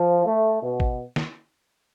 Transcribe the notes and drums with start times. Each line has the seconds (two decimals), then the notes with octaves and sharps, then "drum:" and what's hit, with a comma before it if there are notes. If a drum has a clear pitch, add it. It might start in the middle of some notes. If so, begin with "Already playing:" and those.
Already playing: F3
0.25 A3
0.61 B2
0.80 drum: kick
1.16 drum: snare